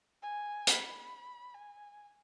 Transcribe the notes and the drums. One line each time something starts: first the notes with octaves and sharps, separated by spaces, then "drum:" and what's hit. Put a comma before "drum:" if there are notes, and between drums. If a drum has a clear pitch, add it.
G#5
B5, drum: hi-hat
G#5